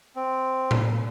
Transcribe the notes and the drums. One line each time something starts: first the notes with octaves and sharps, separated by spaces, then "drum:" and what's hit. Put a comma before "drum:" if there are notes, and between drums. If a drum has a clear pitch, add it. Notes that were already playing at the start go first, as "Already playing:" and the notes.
C4
drum: tom A2